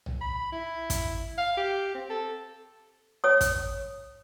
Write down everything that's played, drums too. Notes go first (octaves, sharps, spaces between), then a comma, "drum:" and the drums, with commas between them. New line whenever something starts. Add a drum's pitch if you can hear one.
drum: tom
B5
E4
drum: kick, hi-hat
F5
G4
C4
A4
C#5 D#6
drum: kick, hi-hat